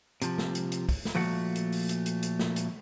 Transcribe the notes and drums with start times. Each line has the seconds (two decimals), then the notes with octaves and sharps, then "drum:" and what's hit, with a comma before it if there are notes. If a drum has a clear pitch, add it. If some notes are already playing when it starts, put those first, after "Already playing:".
0.22 C3 F3, drum: hi-hat
0.38 drum: snare
0.55 drum: hi-hat
0.72 drum: hi-hat
0.89 drum: kick, open hi-hat
1.05 drum: snare
1.15 A#2 F3 A3 F#4 F#5
1.56 drum: hi-hat
1.72 drum: open hi-hat
1.89 drum: hi-hat
2.06 drum: hi-hat
2.23 drum: hi-hat
2.39 drum: snare
2.56 drum: hi-hat